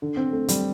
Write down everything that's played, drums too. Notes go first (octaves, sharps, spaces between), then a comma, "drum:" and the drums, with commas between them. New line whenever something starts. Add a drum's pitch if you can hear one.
D3
C4
A3
G3, drum: hi-hat